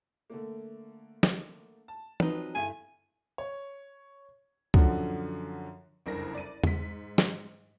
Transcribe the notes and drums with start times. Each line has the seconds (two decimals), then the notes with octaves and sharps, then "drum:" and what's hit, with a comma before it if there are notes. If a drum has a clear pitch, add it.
0.30 D3 A3 A#3
1.23 drum: snare
1.88 A5
2.20 F3 F#3 C4 D#4 B4, drum: tom
2.55 G2 D3 E4 G#5
3.38 C#5
4.74 F#2 D3 F3 F#4, drum: kick C#2
6.06 F#1 C2 F2 D4 A#4 A#6
6.35 D5 D#7
6.64 G#2 B6, drum: tom E2
7.18 drum: snare